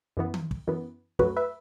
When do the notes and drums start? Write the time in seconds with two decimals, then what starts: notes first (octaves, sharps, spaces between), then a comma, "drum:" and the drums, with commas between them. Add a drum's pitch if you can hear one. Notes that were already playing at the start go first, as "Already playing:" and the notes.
0.17 F#2 E3 B3
0.34 drum: tom D#3
0.51 drum: kick
0.68 F#2 E3 B3
1.19 F#2 F#3 A3 F#4 B4, drum: kick
1.36 B4 E5